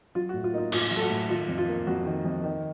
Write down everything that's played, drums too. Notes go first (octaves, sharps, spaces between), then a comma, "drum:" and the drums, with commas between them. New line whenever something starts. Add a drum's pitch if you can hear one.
F#3 F4
F#4
A2
F4
A#3 D#4
F4
A2 F4, drum: cymbal
F#3 A4
F#4
A2
D#3 F4
F2
F4
A#3
F2 F#4
D#3
F2
D#3